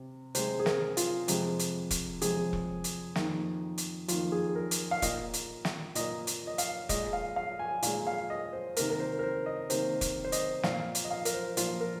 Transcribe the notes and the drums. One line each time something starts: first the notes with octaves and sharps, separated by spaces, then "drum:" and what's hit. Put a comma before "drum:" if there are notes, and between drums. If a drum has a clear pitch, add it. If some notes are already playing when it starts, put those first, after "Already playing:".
Already playing: C3
C3 G#3 C5, drum: hi-hat
G#4
A#4, drum: snare
F4, drum: hi-hat
F2 C3 G#3, drum: hi-hat
drum: hi-hat
drum: kick E1, hi-hat
F2 C3 G#3 G#4, drum: hi-hat
drum: kick E1
drum: hi-hat
F2 D#3 A#3, drum: snare
drum: hi-hat
F2 D#3 A#3 F4, drum: hi-hat
G#4
A#4
drum: hi-hat
F5
A#2 A#3 D#5, drum: kick E1, hi-hat
drum: hi-hat
drum: snare
A#2 A#3 D#5, drum: hi-hat
drum: hi-hat
D#5
F5, drum: hi-hat
A#2 G#3 D#5, drum: kick E1, hi-hat
F5
F5
G#5
A#2 G#3 F5, drum: hi-hat
F5
D#5
C5
C3 D#3 A#3 A#4, drum: hi-hat
A#4
C5
A#4
C5
D#5
C3 D#3 A#3 C5, drum: hi-hat
drum: kick E1, hi-hat
C5
D#5, drum: hi-hat
A#2 F3 A#3 F5, drum: snare
drum: hi-hat
D#5
F5
A#4, drum: hi-hat
C5
A#2 F3 A#3 F4, drum: hi-hat
A#4